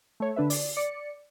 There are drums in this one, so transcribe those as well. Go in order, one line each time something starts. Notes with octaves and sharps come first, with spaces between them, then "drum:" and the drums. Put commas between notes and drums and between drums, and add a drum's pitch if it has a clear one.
A3 C#5
D3 D4 B4 E5
D5, drum: open hi-hat
D5 C#7